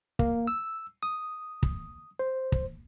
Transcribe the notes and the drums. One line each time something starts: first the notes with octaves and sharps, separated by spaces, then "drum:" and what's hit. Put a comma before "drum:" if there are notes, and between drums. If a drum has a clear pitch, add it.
A#3, drum: kick
E6
D#6
drum: kick
C5
drum: kick